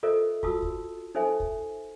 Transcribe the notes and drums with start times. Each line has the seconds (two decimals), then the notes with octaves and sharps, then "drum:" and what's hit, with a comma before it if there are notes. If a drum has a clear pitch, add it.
0.03 F4 A4 A#4 C5 D#5 E5
0.43 F4 F#4 A5 D#6 E6, drum: kick
0.62 drum: kick
1.15 D#4 A4 C5 E5 G#5
1.40 drum: kick